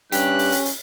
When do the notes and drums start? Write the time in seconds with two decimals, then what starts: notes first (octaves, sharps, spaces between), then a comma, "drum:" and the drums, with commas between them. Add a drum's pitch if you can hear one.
0.12 G2 C#4 G4 F#6, drum: hi-hat
0.39 drum: open hi-hat
0.52 drum: hi-hat
0.65 drum: hi-hat